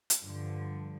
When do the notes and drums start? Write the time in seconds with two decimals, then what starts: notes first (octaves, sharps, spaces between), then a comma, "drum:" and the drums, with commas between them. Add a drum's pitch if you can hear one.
0.10 drum: hi-hat
0.21 G2 D3 F3